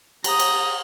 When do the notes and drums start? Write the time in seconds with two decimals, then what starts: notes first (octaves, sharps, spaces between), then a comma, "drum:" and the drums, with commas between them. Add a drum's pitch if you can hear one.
0.24 A#5 D#6, drum: cymbal
0.39 drum: cymbal